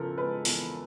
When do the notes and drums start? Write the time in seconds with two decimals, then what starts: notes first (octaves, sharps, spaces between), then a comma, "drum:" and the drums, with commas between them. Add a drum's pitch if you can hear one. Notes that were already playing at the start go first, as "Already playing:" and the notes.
Already playing: E2 C#3 F3 A4 A#4
0.17 G#3 B4
0.45 E2, drum: open hi-hat